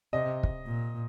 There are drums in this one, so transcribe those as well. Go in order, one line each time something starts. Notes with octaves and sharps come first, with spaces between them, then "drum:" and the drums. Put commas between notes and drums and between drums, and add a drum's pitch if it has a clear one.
C3 D#5
drum: kick
A#2